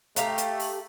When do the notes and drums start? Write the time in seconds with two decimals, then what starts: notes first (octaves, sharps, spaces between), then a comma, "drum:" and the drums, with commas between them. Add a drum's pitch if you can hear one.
0.16 A3 G4 F5 A#5, drum: hi-hat
0.38 drum: hi-hat
0.60 drum: open hi-hat